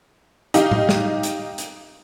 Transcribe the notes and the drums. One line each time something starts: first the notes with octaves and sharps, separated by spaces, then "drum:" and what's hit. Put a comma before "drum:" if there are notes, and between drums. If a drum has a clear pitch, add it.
D#4 G4 F5, drum: hi-hat
drum: tom A2
drum: snare
drum: hi-hat
drum: hi-hat